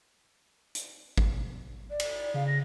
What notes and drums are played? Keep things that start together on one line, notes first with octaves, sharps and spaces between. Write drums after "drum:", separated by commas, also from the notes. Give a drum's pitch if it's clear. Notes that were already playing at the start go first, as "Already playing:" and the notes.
drum: hi-hat
drum: kick
D5
drum: cymbal
C#3 F5
A#6